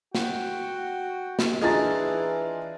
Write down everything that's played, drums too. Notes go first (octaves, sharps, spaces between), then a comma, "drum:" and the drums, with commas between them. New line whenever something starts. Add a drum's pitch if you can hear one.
F#4 F#5 G5, drum: snare
drum: snare
E3 D4 F4 G#4 D#5 A#5 A6